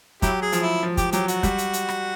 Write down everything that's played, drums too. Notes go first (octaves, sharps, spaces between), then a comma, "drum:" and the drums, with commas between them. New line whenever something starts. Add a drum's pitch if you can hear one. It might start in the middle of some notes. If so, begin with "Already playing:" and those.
F#3 E4 G4, drum: kick, hi-hat
G#4
F3, drum: hi-hat
E4
F3
G4, drum: kick, hi-hat
F#3 G4, drum: hi-hat
F#4, drum: hi-hat
G3, drum: kick, hi-hat
drum: hi-hat
drum: hi-hat
drum: rim click